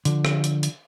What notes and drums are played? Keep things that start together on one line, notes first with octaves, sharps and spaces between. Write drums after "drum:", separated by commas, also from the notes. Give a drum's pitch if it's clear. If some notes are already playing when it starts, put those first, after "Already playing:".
D3 F3, drum: hi-hat
drum: rim click
drum: hi-hat
drum: hi-hat